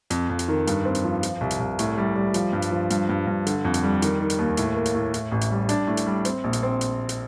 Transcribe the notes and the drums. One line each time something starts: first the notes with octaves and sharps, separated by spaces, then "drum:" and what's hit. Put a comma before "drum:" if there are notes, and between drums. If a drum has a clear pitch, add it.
F2, drum: hi-hat
F2
drum: hi-hat
D#3
G2, drum: hi-hat
C4
drum: hi-hat
F3
F3, drum: hi-hat
C2
drum: hi-hat
C2
A2, drum: hi-hat
G3
G3
F3, drum: hi-hat
G2
drum: hi-hat
F3
G2, drum: hi-hat
G2
G2
D3, drum: hi-hat
F2
drum: hi-hat
G3
D#3, drum: hi-hat
D#3
drum: hi-hat
D#2
A2, drum: hi-hat
A#3
drum: hi-hat
A2
A2, drum: hi-hat
A1
drum: hi-hat
G3
D4, drum: hi-hat
A2
drum: hi-hat
G3
C4, drum: hi-hat
A#1
drum: hi-hat
C4
drum: hi-hat
drum: hi-hat